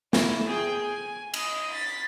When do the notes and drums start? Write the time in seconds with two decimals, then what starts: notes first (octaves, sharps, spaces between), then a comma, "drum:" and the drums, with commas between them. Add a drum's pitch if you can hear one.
0.13 E4, drum: snare
0.47 G#4 G5
0.82 G#5
1.34 D#5, drum: cymbal
1.72 A6 B6